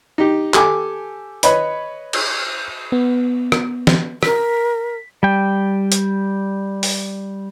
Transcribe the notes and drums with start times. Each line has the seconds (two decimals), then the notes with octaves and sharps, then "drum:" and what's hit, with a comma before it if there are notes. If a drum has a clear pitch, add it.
0.18 D#4 G4
0.54 G4 A4 G#5 D6, drum: clap
1.43 B4 C#5 D#5 B5, drum: hi-hat
2.13 drum: cymbal
2.92 B3
3.52 drum: rim click
3.87 drum: snare
4.23 A#4 B6, drum: rim click
5.23 G3 G5
5.92 drum: hi-hat
6.83 drum: open hi-hat